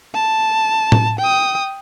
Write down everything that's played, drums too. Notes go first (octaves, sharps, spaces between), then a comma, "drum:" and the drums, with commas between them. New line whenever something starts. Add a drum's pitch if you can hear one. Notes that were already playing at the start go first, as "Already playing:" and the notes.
A5
drum: tom A2
G5 D#6